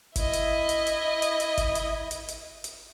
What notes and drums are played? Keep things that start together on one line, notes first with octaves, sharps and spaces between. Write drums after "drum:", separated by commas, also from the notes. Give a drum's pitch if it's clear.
E4 D#5, drum: kick G1, hi-hat
drum: hi-hat
drum: hi-hat
drum: hi-hat
drum: hi-hat
drum: hi-hat
drum: kick G1, hi-hat
drum: hi-hat
drum: hi-hat
drum: hi-hat
drum: hi-hat